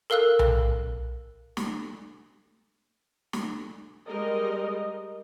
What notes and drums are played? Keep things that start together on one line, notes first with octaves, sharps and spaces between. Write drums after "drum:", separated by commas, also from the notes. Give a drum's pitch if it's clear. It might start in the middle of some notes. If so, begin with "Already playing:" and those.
A4 A#4 F5 E6 F#6
drum: tom B1
drum: snare
drum: snare
G3 G#3 A#4 D#5